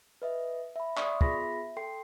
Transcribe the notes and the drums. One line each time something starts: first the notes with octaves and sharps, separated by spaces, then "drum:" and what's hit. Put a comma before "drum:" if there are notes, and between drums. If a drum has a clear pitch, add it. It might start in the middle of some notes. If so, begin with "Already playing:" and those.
B4 D#5 E5
E5 B5
D5 E5 C6 C#6 D#6, drum: clap
B3 F4 G#4 B5 A#6 B6, drum: kick
E5
A4 G5 C6 C7